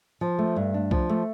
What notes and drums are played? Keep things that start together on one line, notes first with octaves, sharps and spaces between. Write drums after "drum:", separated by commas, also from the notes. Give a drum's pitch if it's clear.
F3
A3
G2
D4
F3, drum: kick C2
A3